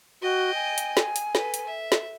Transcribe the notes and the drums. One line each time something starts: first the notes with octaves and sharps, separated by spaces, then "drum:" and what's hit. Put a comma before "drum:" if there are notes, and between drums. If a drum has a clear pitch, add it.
F#4 D#5 G5
G#5
drum: hi-hat
drum: snare
drum: hi-hat
A4 B4, drum: snare
drum: hi-hat
E5
drum: snare